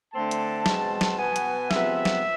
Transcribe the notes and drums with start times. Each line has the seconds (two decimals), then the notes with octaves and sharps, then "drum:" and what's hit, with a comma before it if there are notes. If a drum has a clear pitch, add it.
0.14 D3 A3 C4 A5
0.31 drum: hi-hat
0.66 B2 G#3 C4, drum: snare
1.01 drum: snare
1.18 B2 B3 G#5
1.36 drum: hi-hat
1.71 C3 F3 G#3 B3 E5, drum: snare
2.05 drum: snare